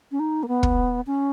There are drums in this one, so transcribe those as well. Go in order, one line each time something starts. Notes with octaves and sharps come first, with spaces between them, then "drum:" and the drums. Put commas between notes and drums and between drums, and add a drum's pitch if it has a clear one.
C#4
D#4
A#3
B3
drum: kick
C#4